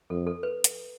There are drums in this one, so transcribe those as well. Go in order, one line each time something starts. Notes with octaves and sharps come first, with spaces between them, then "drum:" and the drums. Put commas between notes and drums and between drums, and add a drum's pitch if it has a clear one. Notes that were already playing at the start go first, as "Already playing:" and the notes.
F2 A4
A4
B4
drum: hi-hat